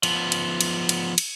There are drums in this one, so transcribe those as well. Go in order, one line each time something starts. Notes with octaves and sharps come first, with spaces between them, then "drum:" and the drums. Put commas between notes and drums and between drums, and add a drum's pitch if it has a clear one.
F3 B3, drum: cymbal
drum: cymbal
drum: cymbal
drum: cymbal
drum: cymbal